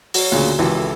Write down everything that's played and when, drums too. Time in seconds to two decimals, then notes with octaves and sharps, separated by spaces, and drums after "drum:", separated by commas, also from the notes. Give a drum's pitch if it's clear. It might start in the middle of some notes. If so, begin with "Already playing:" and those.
0.14 F#3, drum: open hi-hat
0.32 D2 A#2 C#3
0.59 G#1 C#2 E3 G4
0.75 A4 E5